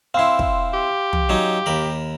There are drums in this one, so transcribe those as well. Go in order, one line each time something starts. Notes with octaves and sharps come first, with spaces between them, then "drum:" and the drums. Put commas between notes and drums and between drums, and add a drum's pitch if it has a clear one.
C4 E4 F5 C6
drum: kick
G4
drum: tom
F#3 C#4 D#4
D#2 A#4 B5